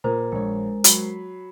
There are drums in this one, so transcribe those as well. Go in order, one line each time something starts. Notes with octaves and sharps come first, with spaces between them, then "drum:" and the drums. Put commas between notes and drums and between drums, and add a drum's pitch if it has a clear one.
A#2 A#4 C5 A#5
A#1 G#3 C#5
F#3 B5 C7, drum: hi-hat